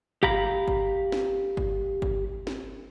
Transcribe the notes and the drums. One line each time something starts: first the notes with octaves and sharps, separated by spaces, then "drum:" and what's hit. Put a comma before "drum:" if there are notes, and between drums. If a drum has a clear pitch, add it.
G4 F5 A#5 B5, drum: kick G1
drum: kick G1
drum: snare
drum: kick G1
drum: kick G1
drum: snare